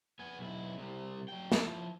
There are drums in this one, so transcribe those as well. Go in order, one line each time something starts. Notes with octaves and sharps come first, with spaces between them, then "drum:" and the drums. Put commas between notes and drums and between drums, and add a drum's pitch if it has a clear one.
B3 G#5
B1 E4
C2 C3
F#3 G5
F3 E4, drum: snare